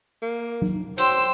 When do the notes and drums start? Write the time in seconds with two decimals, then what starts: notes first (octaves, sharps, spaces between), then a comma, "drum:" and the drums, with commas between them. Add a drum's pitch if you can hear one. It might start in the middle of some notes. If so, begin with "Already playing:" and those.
0.22 A#3
0.62 drum: tom F#3
0.98 F#3 C5 G5 C6 E6, drum: hi-hat